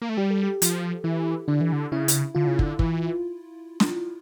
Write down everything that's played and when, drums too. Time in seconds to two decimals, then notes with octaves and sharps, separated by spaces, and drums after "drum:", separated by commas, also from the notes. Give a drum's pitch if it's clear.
0.02 A#3
0.09 A3
0.17 G3 G4
0.30 A4
0.43 G4
0.62 F3, drum: hi-hat
1.04 E3 E4
1.48 D3 D4
1.61 E3
1.73 D3
1.92 C#3 E4
2.08 drum: hi-hat
2.35 D3 F4
2.47 C#3
2.59 D3, drum: kick
2.79 E3, drum: kick
3.80 drum: snare